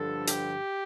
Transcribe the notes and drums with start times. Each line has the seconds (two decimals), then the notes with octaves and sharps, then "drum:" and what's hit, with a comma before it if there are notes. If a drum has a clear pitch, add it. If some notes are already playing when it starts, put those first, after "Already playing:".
Already playing: G2 D3 F3 A4
0.27 G4, drum: hi-hat